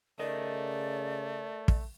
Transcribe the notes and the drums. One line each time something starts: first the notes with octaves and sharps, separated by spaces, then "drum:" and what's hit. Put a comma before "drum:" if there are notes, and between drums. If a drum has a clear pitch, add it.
C#3 A3 A#4 D5 D#5
drum: kick